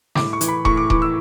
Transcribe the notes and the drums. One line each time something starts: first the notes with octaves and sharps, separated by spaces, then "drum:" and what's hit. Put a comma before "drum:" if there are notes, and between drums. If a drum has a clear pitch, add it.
A2 D6, drum: snare
C#6
E3, drum: hi-hat
B5
A2 C#6, drum: kick D#1
D6
E3 D6, drum: kick D#1
E6